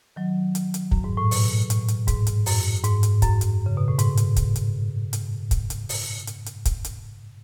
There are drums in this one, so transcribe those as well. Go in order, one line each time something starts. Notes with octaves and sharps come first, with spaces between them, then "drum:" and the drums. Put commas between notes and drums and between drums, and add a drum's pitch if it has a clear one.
D#3 F#3
drum: hi-hat
drum: hi-hat
F#2, drum: kick
G#2
A2
B2, drum: open hi-hat
A2, drum: hi-hat
drum: hi-hat
G#2, drum: kick, hi-hat
drum: hi-hat
F#2, drum: open hi-hat
G#2, drum: hi-hat
drum: hi-hat
F#2, drum: kick, hi-hat
drum: hi-hat
C#3
B2
A2
G#2, drum: hi-hat
drum: hi-hat
drum: kick, hi-hat
drum: hi-hat
drum: hi-hat
drum: kick, hi-hat
drum: hi-hat
drum: open hi-hat
drum: hi-hat
drum: hi-hat
drum: kick, hi-hat
drum: hi-hat